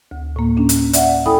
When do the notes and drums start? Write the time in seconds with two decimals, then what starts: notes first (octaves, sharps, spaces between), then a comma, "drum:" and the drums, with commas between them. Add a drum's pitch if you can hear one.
0.11 D2
0.36 A2 A#3
0.57 C#4 D4
0.69 drum: hi-hat
0.93 D5 E5 F#5, drum: hi-hat
1.26 E4 A4 G5 G#5 B5 D#6